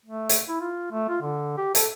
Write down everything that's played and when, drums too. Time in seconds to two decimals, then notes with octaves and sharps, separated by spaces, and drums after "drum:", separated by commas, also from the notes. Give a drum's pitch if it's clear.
0.06 A3
0.29 drum: hi-hat
0.49 E4
0.61 F4
0.92 A3
1.09 F4
1.22 D3
1.57 G4
1.75 A4, drum: hi-hat